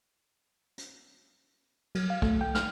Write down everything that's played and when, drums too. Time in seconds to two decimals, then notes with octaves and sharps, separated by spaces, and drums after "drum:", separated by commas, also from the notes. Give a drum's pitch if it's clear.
0.78 drum: hi-hat
1.95 F#3, drum: cymbal
2.10 F5
2.22 A3, drum: kick
2.41 G5
2.55 F6, drum: snare